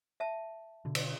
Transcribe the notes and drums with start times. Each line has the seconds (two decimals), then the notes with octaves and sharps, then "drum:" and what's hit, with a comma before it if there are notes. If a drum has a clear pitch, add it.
0.20 E5 A5
0.85 B2 D3
0.95 drum: cymbal